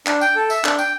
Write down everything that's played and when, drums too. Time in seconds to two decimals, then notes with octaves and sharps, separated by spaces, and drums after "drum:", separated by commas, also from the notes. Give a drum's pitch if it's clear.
0.07 D4, drum: clap
0.21 G5, drum: tambourine
0.36 A4
0.50 E5, drum: tambourine
0.65 D4, drum: clap
0.79 G5, drum: tambourine